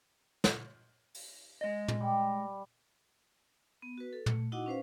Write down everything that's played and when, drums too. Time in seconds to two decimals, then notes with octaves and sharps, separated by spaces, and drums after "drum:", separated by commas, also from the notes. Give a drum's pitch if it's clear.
0.44 drum: snare
1.14 drum: open hi-hat
1.61 G#3 D#5
1.88 drum: tom
2.00 G3
3.82 B3
3.98 F#4 B4
4.13 A4
4.26 A3, drum: tom
4.52 D#4 E4 F#4 D#5 F#5 D6
4.66 C#4 B4 C5 F5